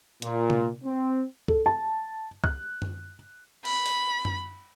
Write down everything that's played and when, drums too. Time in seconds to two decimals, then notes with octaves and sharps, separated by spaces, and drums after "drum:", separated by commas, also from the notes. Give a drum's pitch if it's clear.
0.22 A#2, drum: hi-hat
0.50 drum: tom C3
0.84 C4
1.48 A4, drum: kick C2
1.66 A5
2.44 F#6, drum: kick C2
2.82 drum: tom F#2
3.65 B5, drum: cymbal
3.86 drum: open hi-hat
4.25 drum: tom F#2